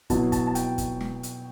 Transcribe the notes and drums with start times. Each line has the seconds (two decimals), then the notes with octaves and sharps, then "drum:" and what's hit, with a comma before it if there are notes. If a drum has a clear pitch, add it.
0.10 B2 F#3 B3 E4 A5, drum: kick, hi-hat
0.32 A5, drum: kick, hi-hat
0.47 A5
0.55 G5, drum: hi-hat
0.78 drum: kick, hi-hat
1.01 drum: snare
1.23 drum: hi-hat